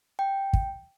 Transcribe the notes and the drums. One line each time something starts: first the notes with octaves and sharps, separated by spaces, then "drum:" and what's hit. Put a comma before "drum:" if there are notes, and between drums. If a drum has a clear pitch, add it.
G5
drum: kick